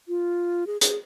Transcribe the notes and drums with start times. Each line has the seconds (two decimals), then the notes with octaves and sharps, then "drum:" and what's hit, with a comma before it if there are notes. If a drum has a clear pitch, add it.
0.08 F4
0.67 G#4
0.81 G#4, drum: hi-hat